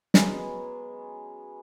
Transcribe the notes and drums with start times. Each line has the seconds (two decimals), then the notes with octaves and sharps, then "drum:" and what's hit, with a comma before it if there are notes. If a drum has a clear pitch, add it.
0.14 F#3 G#3 B3 C#4, drum: snare